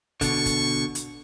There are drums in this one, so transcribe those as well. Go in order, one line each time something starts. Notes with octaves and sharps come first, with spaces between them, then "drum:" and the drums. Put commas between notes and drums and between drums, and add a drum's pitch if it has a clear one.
B2 D3 C#6, drum: kick, hi-hat
drum: kick, hi-hat
drum: hi-hat